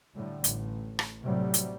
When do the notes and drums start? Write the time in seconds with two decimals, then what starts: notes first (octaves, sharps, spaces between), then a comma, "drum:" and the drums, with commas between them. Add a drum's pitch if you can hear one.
0.15 A2 D3 G3
0.44 A1, drum: hi-hat
0.99 drum: rim click
1.23 A2 C3 F#3 G3
1.54 drum: hi-hat